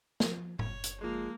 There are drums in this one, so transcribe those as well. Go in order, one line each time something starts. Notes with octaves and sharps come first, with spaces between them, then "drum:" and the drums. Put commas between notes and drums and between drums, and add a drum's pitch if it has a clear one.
F3, drum: snare
F#1 C#5, drum: tom
drum: hi-hat
F3 G#3 A#3